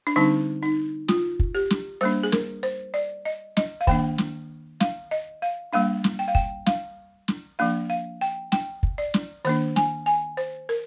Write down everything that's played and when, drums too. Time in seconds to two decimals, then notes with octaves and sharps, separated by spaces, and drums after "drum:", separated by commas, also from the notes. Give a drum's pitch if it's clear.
0.07 D4
0.16 D3 G3 C4 D#4
0.63 D#4
1.08 F4, drum: snare
1.39 drum: kick
1.55 G4
1.70 drum: snare
2.01 G3 A#3 D4 C5
2.23 G#4
2.32 A#4, drum: snare
2.63 C5
2.94 D5
3.25 D#5
3.57 D#5, drum: snare
3.81 F5
3.87 D#3 A#3 D4 G5, drum: kick
4.18 drum: snare
4.80 F5, drum: snare
5.11 D#5
5.42 F5
5.73 G3 A#3 D4 F5
6.04 drum: snare
6.19 G5
6.28 F5
6.35 G5, drum: kick
6.66 F5, drum: snare
7.28 drum: snare
7.59 F3 A#3 D4 F5
7.90 F5
8.21 G5
8.52 G5, drum: snare
8.83 drum: kick
8.98 D5
9.14 drum: snare
9.45 D#3 A#3 D4 C5
9.76 G#5, drum: snare
10.06 G#5
10.37 C5
10.69 A#4